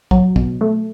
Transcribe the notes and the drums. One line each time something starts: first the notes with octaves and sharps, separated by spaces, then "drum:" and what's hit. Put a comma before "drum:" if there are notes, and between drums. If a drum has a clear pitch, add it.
F#3, drum: kick
B2, drum: kick
A3